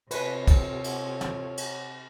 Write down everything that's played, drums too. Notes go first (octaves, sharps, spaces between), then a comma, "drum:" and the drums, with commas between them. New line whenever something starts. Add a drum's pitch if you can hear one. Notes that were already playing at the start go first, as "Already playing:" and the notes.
C3 F4 A4 B4 C#5, drum: cymbal
drum: kick, cymbal
drum: cymbal
drum: snare
drum: cymbal